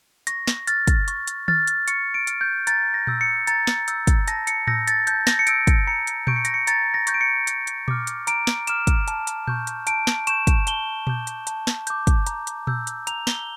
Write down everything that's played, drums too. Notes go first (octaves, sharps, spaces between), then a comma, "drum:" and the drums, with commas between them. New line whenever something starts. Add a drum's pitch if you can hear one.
C#6 A#6, drum: hi-hat
drum: snare
F6 A6, drum: hi-hat
drum: kick, hi-hat
C#6, drum: hi-hat
drum: hi-hat
F6 A6, drum: tom D#3
drum: hi-hat
C#6 C#7, drum: hi-hat
D7
F6, drum: hi-hat
G6
A#5 A6, drum: hi-hat
A#6
E6 G6, drum: tom A#2
C#7
A#5 A6, drum: hi-hat
drum: snare
E6 G6, drum: hi-hat
drum: kick, hi-hat
A5 A#6, drum: hi-hat
C#7, drum: hi-hat
E6 G6 A#6, drum: tom A2
A6, drum: hi-hat
A5 G6, drum: hi-hat
A#6, drum: snare
C#7
E6 G6 D7, drum: hi-hat
drum: kick, hi-hat
A#5 C#7
drum: hi-hat
C#6 G6 D7, drum: tom A#2
C#7
A#6, drum: hi-hat
C#7
A#5 A6, drum: hi-hat
A#6
C#6 G6, drum: hi-hat
D7
C#7
A#5, drum: hi-hat
drum: hi-hat
D6 F6, drum: tom A#2
drum: hi-hat
A#5 D7, drum: hi-hat
drum: snare
D6 F6 E7, drum: hi-hat
drum: kick, hi-hat
A5, drum: hi-hat
drum: hi-hat
C#6 G6, drum: tom A#2
drum: hi-hat
A5 D7, drum: hi-hat
drum: snare
C#6 G6 E7, drum: hi-hat
drum: kick, hi-hat
A5 G7, drum: hi-hat
D6 G6, drum: tom A#2
drum: hi-hat
A5, drum: hi-hat
drum: snare
D6 G6, drum: hi-hat
drum: kick, hi-hat
A#5, drum: hi-hat
drum: hi-hat
E6 G6, drum: tom A#2
drum: hi-hat
A#5 F7, drum: hi-hat
G7, drum: snare